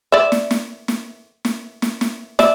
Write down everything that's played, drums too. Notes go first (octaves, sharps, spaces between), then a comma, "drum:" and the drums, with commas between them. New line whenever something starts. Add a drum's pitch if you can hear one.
D5 E5
drum: snare
drum: snare
drum: snare
drum: snare
drum: snare
drum: snare
D5 E5, drum: snare